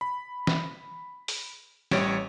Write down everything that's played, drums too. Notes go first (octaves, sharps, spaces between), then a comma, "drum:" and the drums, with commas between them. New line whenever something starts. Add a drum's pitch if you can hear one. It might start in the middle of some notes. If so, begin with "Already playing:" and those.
B5
drum: snare
drum: open hi-hat
A1 G3 C#5 D7, drum: snare